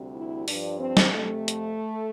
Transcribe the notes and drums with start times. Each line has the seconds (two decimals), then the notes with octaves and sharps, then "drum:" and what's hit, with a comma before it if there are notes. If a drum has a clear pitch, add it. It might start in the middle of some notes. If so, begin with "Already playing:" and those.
Already playing: D2 C3 G3
0.15 E4
0.48 G2 F3 D4, drum: open hi-hat
0.80 C4
0.97 drum: snare
1.13 F2 C3 F3 A3
1.48 drum: hi-hat